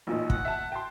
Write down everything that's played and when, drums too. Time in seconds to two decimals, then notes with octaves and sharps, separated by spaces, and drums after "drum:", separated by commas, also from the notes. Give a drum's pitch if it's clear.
0.07 A1 A#2 D#4
0.30 F#5, drum: kick
0.45 E5 A5
0.72 G5 A5 C6